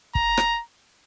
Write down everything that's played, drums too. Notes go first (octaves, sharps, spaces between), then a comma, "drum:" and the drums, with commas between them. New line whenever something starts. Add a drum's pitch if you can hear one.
A#5, drum: kick
drum: rim click